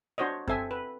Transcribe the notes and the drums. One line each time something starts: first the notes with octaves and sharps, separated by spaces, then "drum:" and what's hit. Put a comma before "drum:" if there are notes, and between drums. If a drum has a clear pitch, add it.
D4 F#4 C5 C#5 D#5
C4 A4 E5 G#5, drum: kick F#2
B4